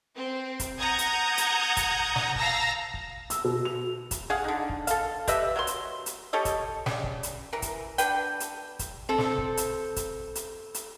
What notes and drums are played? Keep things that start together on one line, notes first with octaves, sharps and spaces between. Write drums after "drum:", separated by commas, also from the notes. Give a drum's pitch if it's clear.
C4
drum: kick, hi-hat
F#5 A#5 D#6 G6 G#6
drum: hi-hat
drum: hi-hat
drum: kick, hi-hat
drum: snare
F5 A5 A#5 E6 A#6, drum: kick
drum: kick
E6, drum: hi-hat
B2
F7
drum: kick, hi-hat
G#4 F5 F#5
D3 D#4
drum: kick
A4 F5, drum: hi-hat
G4 B4 D#5 E5, drum: kick, hi-hat
F#3 A#4 C6
drum: hi-hat
drum: hi-hat
G4 A4 C#5 D#5
drum: kick, hi-hat
C#3 G3, drum: snare
drum: kick
drum: hi-hat
E3 A#4
drum: kick, hi-hat
D3 B4 G5, drum: hi-hat
drum: hi-hat
drum: kick, hi-hat
C4 A4
drum: snare
drum: kick
drum: hi-hat
drum: kick, hi-hat
drum: hi-hat
drum: hi-hat